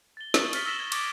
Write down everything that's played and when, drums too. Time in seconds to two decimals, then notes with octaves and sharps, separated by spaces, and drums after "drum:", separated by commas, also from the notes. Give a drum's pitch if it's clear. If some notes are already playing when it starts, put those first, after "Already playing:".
0.17 A6 G7
0.34 C#6 D#6 E6 A6 B6 D#7, drum: snare
0.53 D#6 F6 A6 B6 G7, drum: cymbal
0.66 E6 A#6 B6 E7 F#7 G7
0.80 G#6 A6
0.92 C#6 D6 G#6 A6 D7 F#7, drum: cymbal